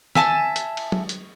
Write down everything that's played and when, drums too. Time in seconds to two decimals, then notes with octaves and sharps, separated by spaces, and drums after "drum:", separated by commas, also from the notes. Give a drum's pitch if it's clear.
0.15 E5 G#5 A5, drum: snare
0.56 drum: hi-hat
0.77 drum: cymbal
0.92 drum: tom
1.09 drum: hi-hat